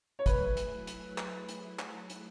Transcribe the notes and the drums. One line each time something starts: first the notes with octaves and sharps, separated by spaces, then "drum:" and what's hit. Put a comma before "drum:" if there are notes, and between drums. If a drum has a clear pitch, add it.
C#5
F#3 A3 E4 G#4 B4, drum: kick, hi-hat
drum: hi-hat
drum: hi-hat
drum: clap
drum: hi-hat
drum: clap
drum: hi-hat